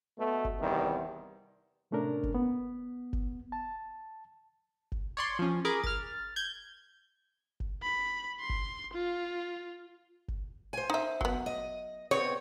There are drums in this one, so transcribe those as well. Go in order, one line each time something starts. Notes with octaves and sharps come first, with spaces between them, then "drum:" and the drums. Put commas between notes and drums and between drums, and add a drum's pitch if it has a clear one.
B2 A3
drum: kick F#1
E2 C3 D#3 G3
A2 C3 A3 C#4 D4 A#4
drum: kick F#1
B3
drum: kick F#1
A5
drum: kick F#1
C#5 D5 C6
F3 C#4
G#4 A#4 A#5 B5 D6
F6 A6, drum: kick F#1
G6 G#6
drum: kick F#1
B5
C6
drum: kick F#1
F4
drum: kick F#1
C5 G#5
D#4 E5
F#3 B3, drum: kick F#1
D#5
B3 C4 C#5